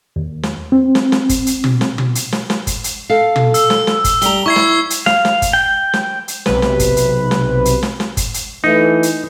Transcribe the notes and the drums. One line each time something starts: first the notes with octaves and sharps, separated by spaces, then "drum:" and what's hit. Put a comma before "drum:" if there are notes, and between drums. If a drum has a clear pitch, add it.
D#2
drum: snare
C4
drum: snare
drum: snare
drum: kick, hi-hat
drum: hi-hat
drum: tom
drum: snare
drum: tom
drum: hi-hat
drum: snare
drum: snare
drum: kick, hi-hat
drum: hi-hat
A4 F5
drum: tom
E6, drum: hi-hat
drum: snare
drum: snare
drum: kick, hi-hat
G3 A#5 G7, drum: hi-hat
E4 C#6 G#6 C7
drum: snare
drum: hi-hat
F5, drum: snare
drum: snare
drum: kick, hi-hat
G5
drum: snare
drum: hi-hat
B1 C3 B4, drum: snare
drum: snare
drum: kick, hi-hat
drum: hi-hat
drum: snare
drum: hi-hat
drum: snare
drum: snare
drum: kick, hi-hat
drum: hi-hat
E3 A3 D#4
drum: hi-hat